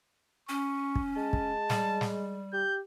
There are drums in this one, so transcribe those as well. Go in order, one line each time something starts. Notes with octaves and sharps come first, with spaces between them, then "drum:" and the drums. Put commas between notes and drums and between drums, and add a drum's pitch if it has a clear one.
C#4 C#6
drum: kick
G#3 A5
drum: kick
G3, drum: snare
drum: snare
G4 G6